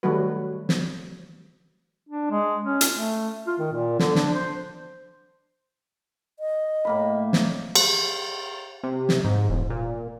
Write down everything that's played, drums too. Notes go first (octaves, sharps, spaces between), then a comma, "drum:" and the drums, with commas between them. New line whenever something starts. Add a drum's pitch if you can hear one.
D#3 F#3 G3 A3 F#4 B4
drum: snare
D4
G#3
C#4
drum: hi-hat
A3
F4
D#3
A#2
D3, drum: snare
D4, drum: snare
C5
D#5
A2 A#3 B5
drum: snare
drum: cymbal
C3
drum: snare
G#2
E1
A#2